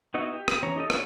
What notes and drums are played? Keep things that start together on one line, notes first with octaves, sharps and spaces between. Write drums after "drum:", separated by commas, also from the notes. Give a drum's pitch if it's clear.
B3 D#4 E4 F#4 D#5
G4
drum: rim click
E3 C#4 C#5 A#5
D#4 G4 A4 D#5
D4 G#4 A4 C#5, drum: rim click